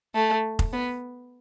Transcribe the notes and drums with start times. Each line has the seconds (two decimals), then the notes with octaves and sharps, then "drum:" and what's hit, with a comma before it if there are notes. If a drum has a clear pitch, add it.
0.15 A3
0.59 drum: kick F1
0.73 B3